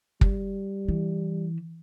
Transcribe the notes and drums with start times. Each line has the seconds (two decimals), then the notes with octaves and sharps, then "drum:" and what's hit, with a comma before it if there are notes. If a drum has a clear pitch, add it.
0.21 G3, drum: kick
0.88 E3